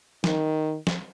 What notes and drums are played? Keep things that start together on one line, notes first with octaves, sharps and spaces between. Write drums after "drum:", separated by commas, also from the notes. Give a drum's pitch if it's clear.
D#3, drum: snare
drum: snare